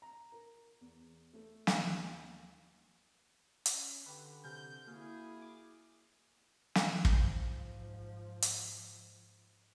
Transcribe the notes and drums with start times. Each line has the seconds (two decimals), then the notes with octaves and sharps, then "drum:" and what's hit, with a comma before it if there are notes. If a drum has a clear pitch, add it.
0.02 A#5
0.32 A#4
0.81 E2
1.33 A3
1.67 D#2, drum: snare
3.66 C#4, drum: hi-hat
4.06 D3 G4 B4
4.45 C3 G#5 F6 G6
4.87 A#3 E4 F#4 G#4 F6
5.42 D6
6.75 drum: snare
7.05 G#2 F3, drum: kick
8.42 drum: hi-hat